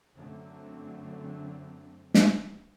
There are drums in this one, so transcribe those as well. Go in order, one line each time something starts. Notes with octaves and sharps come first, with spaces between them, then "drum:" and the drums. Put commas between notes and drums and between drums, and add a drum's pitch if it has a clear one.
F#2 D3 F#3 A3 C4
drum: snare